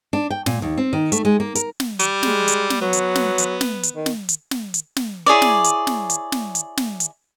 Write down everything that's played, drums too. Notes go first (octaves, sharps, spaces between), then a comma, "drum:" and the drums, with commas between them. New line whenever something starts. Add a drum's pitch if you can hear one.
D4
G5
A#2, drum: snare
D#2
C4
D#3
A3, drum: hi-hat
G#3
A#3
A#4, drum: hi-hat
drum: snare
G3, drum: hi-hat
G#3, drum: snare
drum: hi-hat
drum: snare
F#3 B3
drum: hi-hat
drum: snare
drum: hi-hat
drum: snare
drum: hi-hat
D#3
drum: snare
drum: hi-hat
drum: snare
drum: hi-hat
drum: snare
E4 G#4 C#5 D5
drum: snare
drum: hi-hat
drum: snare
drum: hi-hat
drum: snare
drum: hi-hat
drum: snare
drum: hi-hat